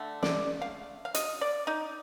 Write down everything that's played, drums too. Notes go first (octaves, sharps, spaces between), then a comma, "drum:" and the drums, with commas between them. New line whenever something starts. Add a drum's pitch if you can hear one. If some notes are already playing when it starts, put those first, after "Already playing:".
Already playing: D3 A3 D4
D5, drum: snare
F5
F5
D#5, drum: hi-hat
D5
D#4